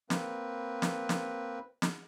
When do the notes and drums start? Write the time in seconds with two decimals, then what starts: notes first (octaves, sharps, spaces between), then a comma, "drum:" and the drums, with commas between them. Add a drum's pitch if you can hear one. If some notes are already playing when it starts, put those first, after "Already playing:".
0.10 A#3 C4 B4, drum: snare
0.82 drum: snare
1.09 drum: snare
1.82 drum: snare